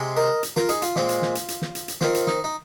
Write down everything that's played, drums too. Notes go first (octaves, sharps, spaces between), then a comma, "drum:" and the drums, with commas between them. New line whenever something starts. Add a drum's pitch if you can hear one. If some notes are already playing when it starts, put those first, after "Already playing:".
Already playing: C3 G#3 C4
A#4 D#5
drum: hi-hat
F4 A#4, drum: snare
D#4 G#4, drum: hi-hat
F4, drum: hi-hat
A#2 G#3 C4, drum: snare
drum: hi-hat
drum: snare
drum: hi-hat
drum: hi-hat
drum: snare
drum: hi-hat
drum: hi-hat
D#3 C4 F4, drum: snare
drum: hi-hat
D#4, drum: snare
D#4